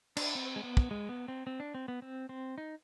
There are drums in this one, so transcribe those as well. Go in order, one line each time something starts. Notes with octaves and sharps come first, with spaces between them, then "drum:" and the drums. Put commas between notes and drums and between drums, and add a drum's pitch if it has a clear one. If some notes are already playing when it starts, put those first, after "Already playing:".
D4, drum: cymbal
C4
G#3
B3
drum: kick
G#3
B3
C4
C4
D4
C4
B3
C4
C4
D#4